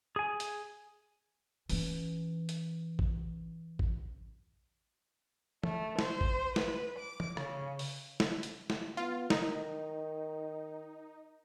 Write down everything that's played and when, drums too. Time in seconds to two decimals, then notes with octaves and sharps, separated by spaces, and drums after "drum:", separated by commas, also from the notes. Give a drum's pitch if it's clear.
0.16 G#4 G#5
0.40 drum: hi-hat
1.70 E3 C#4, drum: open hi-hat
2.49 drum: hi-hat
2.99 drum: kick A1
3.79 drum: kick A1
5.63 A3, drum: tom
5.99 C5, drum: snare
6.21 drum: kick A1
6.56 B4, drum: snare
6.98 D6
7.20 drum: tom
7.37 C#3, drum: rim click
7.79 drum: open hi-hat
8.20 drum: snare
8.43 drum: hi-hat
8.70 drum: snare
8.97 B3 F4
9.30 D#3 D#4, drum: snare